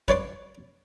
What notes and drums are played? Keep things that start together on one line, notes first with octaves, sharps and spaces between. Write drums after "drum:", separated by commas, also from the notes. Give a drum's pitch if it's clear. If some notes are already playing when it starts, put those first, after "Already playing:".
B4 C#5 D5 C6, drum: kick, hi-hat